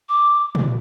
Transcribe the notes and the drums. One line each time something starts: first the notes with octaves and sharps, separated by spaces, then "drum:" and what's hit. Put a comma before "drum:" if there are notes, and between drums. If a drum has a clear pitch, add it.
D6
drum: tom A#2